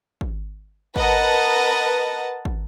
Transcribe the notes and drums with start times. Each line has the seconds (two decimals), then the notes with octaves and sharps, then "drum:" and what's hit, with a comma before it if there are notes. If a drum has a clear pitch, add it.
0.21 drum: kick
0.96 A#4 B4 D#5 F#5 A5, drum: kick
2.45 drum: kick